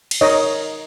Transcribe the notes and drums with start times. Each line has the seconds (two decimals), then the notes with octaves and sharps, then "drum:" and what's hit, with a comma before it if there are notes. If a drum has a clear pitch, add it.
0.11 drum: cymbal
0.21 D#4 A#4 C#5 D#5